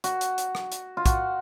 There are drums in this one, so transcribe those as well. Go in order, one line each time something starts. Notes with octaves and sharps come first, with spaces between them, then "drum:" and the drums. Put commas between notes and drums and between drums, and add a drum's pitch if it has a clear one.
F#4, drum: hi-hat
drum: hi-hat
drum: hi-hat
drum: rim click
drum: hi-hat
F4
F#4, drum: kick, hi-hat